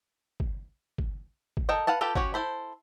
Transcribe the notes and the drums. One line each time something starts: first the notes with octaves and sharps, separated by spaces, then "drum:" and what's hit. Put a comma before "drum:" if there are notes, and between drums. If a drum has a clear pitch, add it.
drum: kick G1
drum: kick G1
drum: kick G1
A4 A#4 D#5 G5
B4 F5 F#5 A5
F4 G4 A4 B4 G5
C#4 F#4 G4 C#5, drum: kick G1
E4 F4 A4 C5 B5